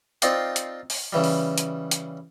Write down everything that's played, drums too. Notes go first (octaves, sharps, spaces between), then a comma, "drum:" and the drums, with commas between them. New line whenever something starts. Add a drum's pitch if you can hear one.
C4 D#4 F4 D5 F5 G5, drum: hi-hat
drum: hi-hat
drum: open hi-hat
C#3 E3 G3
drum: open hi-hat
drum: hi-hat
drum: hi-hat